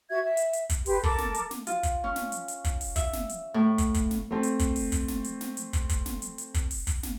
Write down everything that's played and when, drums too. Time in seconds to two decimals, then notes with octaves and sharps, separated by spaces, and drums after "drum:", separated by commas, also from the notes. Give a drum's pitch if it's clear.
0.08 F#4 E5 G#6
0.22 E5
0.37 drum: hi-hat
0.53 drum: hi-hat
0.69 drum: kick, hi-hat
0.86 G4 B4 C6, drum: open hi-hat
1.03 A4 A#4 A5 D6, drum: kick
1.18 drum: snare
1.34 drum: hi-hat
1.51 drum: snare
1.67 F4, drum: hi-hat
1.83 drum: kick, hi-hat
2.04 C#4
2.16 drum: snare
2.32 drum: hi-hat
2.48 drum: hi-hat
2.64 drum: kick, hi-hat
2.81 drum: open hi-hat
2.96 E5, drum: kick, hi-hat
3.13 drum: snare
3.29 drum: hi-hat
3.54 A2
3.78 drum: kick, hi-hat
3.94 drum: kick, hi-hat
4.11 drum: snare
4.31 A3 C4
4.43 drum: hi-hat
4.59 drum: kick, hi-hat
4.76 drum: open hi-hat
4.92 drum: kick, hi-hat
5.08 drum: snare
5.24 drum: hi-hat
5.41 drum: snare
5.57 drum: hi-hat
5.73 drum: kick, hi-hat
5.89 drum: kick, hi-hat
6.06 drum: snare
6.22 drum: hi-hat
6.38 drum: hi-hat
6.54 drum: kick, hi-hat
6.71 drum: open hi-hat
6.87 drum: kick, hi-hat
7.03 drum: snare